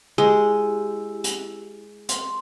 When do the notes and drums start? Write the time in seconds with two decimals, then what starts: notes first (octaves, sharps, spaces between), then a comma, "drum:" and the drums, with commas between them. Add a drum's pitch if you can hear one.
0.18 G#3 E4 G4
1.24 drum: hi-hat
2.09 C6, drum: hi-hat